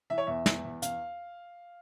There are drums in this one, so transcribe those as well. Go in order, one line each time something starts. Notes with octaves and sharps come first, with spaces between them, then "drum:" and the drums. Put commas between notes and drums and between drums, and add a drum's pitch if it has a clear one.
E3 E5
C#5
E2 E5
E2, drum: snare
E2
E2 F5, drum: hi-hat